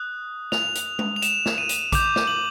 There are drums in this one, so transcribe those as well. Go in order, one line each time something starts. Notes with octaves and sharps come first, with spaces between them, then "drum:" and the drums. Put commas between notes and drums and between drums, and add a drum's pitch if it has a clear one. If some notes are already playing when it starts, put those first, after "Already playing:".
Already playing: D#6 F#6
F7, drum: snare
drum: hi-hat
drum: tom G#3
F7
E7, drum: hi-hat
drum: snare
D#7
drum: hi-hat
D6 G6 F7, drum: kick A#1, hi-hat
drum: snare
F#7